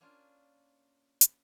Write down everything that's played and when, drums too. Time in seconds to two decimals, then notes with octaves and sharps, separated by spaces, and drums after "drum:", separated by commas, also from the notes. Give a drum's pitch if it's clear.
0.01 A#3 C#4 D4 F4
1.21 drum: hi-hat